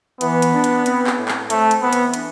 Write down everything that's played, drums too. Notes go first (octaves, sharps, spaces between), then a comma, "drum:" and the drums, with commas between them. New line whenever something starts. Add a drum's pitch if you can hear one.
E3 B3, drum: hi-hat
drum: hi-hat
D4
drum: hi-hat
C4, drum: hi-hat
drum: clap
A2
drum: clap
A3 C4, drum: hi-hat
drum: hi-hat
E3 B3
drum: hi-hat
D4, drum: hi-hat